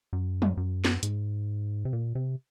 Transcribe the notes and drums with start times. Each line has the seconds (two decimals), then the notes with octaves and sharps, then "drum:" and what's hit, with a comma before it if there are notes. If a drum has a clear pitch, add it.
0.13 F#2
0.42 drum: tom
0.57 F#2
0.85 drum: snare
1.03 G#2, drum: hi-hat
1.85 C3
1.93 A#2
2.15 C3